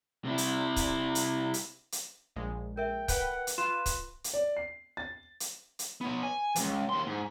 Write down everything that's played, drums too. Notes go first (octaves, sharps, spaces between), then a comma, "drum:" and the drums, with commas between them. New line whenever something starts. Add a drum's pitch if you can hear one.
C3 E4
drum: hi-hat
drum: kick C#1, hi-hat
drum: hi-hat
drum: hi-hat
drum: hi-hat
A#1 G#3
A#4 E5 G5
B4 F#5 G5, drum: kick C#1, hi-hat
drum: hi-hat
F4 B4 C6 E7
drum: kick C#1, hi-hat
drum: hi-hat
D5
C7
A6
drum: hi-hat
drum: hi-hat
B3 C#5
G#5
C#2 E3, drum: hi-hat
D#2 C6
G#2